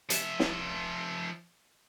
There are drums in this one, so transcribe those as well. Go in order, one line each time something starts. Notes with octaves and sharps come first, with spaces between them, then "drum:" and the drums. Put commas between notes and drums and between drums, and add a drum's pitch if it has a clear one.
F3 E5, drum: hi-hat
drum: snare